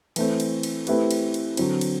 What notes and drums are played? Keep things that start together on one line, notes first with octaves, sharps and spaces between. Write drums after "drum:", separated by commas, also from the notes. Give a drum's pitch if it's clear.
E3 A3 C4, drum: cymbal
drum: cymbal
drum: cymbal
A3 C4 E4 G4 B4, drum: cymbal
drum: cymbal
drum: cymbal
D3 F#3 C4, drum: cymbal
drum: cymbal